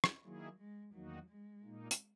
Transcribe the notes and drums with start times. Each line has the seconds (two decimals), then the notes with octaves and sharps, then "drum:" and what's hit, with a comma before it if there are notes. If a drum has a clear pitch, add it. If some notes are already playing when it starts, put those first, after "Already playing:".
0.04 drum: rim click
0.24 D#3 F#3 A#3 E4 G#4
0.59 G#3
0.94 E2 D#3 F#3 A#3 D#4 F#4
1.29 G#3
1.64 A#2 A#3 D#4
1.91 drum: hi-hat